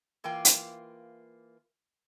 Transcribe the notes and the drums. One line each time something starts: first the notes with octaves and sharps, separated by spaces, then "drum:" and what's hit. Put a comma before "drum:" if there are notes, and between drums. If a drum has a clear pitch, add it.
E3 A#3 F4 G5
drum: hi-hat